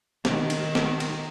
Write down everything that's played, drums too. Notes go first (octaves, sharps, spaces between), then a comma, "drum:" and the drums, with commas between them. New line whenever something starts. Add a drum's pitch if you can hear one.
D#3, drum: snare
drum: cymbal
drum: snare
drum: cymbal